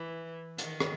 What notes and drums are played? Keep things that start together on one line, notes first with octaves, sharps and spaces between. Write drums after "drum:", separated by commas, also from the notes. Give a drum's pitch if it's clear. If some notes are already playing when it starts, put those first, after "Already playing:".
Already playing: E3
D#3, drum: hi-hat
drum: rim click